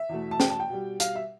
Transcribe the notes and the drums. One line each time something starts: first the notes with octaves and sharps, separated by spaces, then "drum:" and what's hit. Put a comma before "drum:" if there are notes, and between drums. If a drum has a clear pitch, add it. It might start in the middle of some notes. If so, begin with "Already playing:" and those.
Already playing: E5
E2 B2 A3
A5
G5, drum: snare
A5
G5
B2 G3
F5, drum: hi-hat
E5